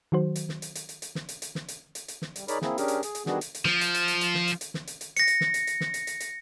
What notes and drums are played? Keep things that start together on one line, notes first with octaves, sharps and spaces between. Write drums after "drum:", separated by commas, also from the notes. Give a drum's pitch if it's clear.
D#3 F#3 F#4 C5
drum: hi-hat
drum: snare
drum: hi-hat
drum: hi-hat
drum: hi-hat
drum: hi-hat
drum: snare
drum: hi-hat
drum: hi-hat
drum: snare
drum: hi-hat
drum: hi-hat
drum: hi-hat
drum: snare
G3, drum: hi-hat
D#4 G#4 A#4 C#5 D5 B5, drum: hi-hat
A#3 C4 E4 G#4, drum: snare
C#4 D4 G4 G#4 A#4, drum: hi-hat
drum: hi-hat
G#4, drum: hi-hat
drum: hi-hat
D#3 G3 B3 D4 F#4 G#4, drum: snare
drum: hi-hat
drum: hi-hat
F3, drum: snare
drum: hi-hat
drum: hi-hat
drum: hi-hat
drum: hi-hat
drum: snare
drum: hi-hat
drum: hi-hat
drum: snare
drum: hi-hat
drum: hi-hat
A#6 C#7, drum: hi-hat
drum: hi-hat
drum: snare
drum: hi-hat
drum: hi-hat
drum: snare
drum: hi-hat
drum: hi-hat
drum: hi-hat